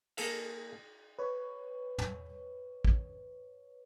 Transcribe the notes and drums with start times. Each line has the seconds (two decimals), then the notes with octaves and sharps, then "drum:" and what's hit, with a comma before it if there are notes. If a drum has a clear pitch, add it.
0.17 A#3 G#4 A4 F5, drum: cymbal
1.19 B4 C#5
1.98 drum: tom
2.85 drum: kick